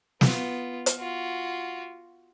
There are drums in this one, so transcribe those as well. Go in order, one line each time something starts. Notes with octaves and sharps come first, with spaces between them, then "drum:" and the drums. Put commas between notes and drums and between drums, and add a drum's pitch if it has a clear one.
B3 F4, drum: snare
drum: hi-hat
F4 F#4